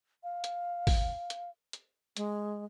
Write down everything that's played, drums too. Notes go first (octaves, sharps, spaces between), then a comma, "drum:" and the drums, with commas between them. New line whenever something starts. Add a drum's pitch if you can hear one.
F5
drum: hi-hat
drum: kick A1, open hi-hat
drum: hi-hat
drum: hi-hat
G#3, drum: hi-hat